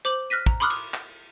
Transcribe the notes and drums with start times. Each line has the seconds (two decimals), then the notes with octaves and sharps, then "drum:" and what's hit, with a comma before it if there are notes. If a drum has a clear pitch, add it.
0.05 C5 D6 F#7
0.30 F6 F#6 A#6 B6 D#7
0.46 A#5, drum: kick
0.60 B5 C6 D6 D#6 F6 F#6
0.70 drum: cymbal
0.94 drum: clap